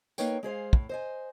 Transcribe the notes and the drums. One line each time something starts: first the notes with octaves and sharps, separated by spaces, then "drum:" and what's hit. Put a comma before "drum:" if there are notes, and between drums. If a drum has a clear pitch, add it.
A#3 D#4 B4 C#5 G5, drum: tambourine
G#3 G#4 C5 F5
A2, drum: kick
C5 D#5 G#5